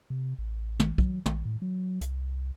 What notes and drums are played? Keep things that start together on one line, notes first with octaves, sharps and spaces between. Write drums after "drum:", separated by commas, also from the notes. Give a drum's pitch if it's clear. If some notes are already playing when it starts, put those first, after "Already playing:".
C3
A1
drum: tom
F#3, drum: kick
A#1, drum: tom
A2
F#3
C2, drum: hi-hat